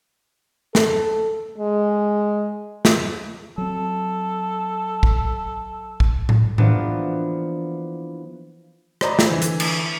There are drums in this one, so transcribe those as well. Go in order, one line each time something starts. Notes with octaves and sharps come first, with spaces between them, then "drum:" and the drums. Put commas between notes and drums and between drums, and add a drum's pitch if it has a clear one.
A4, drum: snare
G#3
drum: snare
F#3 C4 A4
drum: kick
drum: kick
drum: tom A2
E3 F3 A#3 B3 D4, drum: tom A2
C5 D5 D#5 A#5 B5, drum: rim click
drum: snare
D3 E3
drum: hi-hat
drum: cymbal